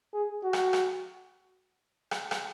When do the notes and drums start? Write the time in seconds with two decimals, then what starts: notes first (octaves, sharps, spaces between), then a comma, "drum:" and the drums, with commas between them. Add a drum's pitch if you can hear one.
0.14 G#4
0.43 F#4
0.53 drum: rim click
0.73 drum: rim click
2.11 drum: rim click
2.31 drum: rim click